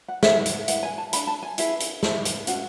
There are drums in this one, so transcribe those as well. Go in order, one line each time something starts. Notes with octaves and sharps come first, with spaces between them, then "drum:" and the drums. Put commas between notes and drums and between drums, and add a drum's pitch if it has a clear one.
F#5
E4 B4 E5, drum: snare
drum: hi-hat
E4 B4 F#5, drum: hi-hat
G#5
A5
D4 A4 B5, drum: hi-hat
A5
G#5
E4 G#4 B4, drum: hi-hat
drum: hi-hat
E4 A4, drum: snare
drum: hi-hat
C#4 F#4 A4 F#5, drum: hi-hat